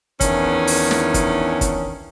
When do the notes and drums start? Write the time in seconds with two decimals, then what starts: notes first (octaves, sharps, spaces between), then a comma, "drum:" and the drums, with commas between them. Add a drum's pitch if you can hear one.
0.21 E2 D#3 C#4 D4 E4, drum: kick, hi-hat
0.67 drum: open hi-hat
0.91 drum: snare
1.14 drum: kick, hi-hat
1.61 drum: kick, hi-hat